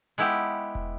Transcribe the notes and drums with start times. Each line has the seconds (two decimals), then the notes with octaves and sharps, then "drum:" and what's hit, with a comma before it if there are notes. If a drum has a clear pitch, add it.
0.18 G#3 B3 E4 G4
0.75 drum: kick E1